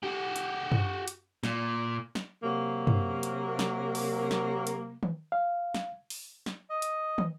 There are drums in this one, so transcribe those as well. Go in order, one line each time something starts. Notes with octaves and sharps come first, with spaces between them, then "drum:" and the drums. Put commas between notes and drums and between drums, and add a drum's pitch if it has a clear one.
F#4 G4
drum: hi-hat
drum: tom
drum: hi-hat
A#2, drum: snare
drum: snare
C3 F#3 A#3
drum: tom
drum: hi-hat
drum: snare
drum: open hi-hat
drum: snare
drum: hi-hat
drum: tom
F5
drum: snare
drum: open hi-hat
drum: snare
D#5
drum: hi-hat
drum: tom